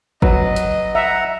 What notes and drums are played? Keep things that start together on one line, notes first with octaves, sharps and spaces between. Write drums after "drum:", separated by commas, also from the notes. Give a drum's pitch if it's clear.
F#3 B4 D#5, drum: kick
drum: hi-hat
E5 F#5 A#5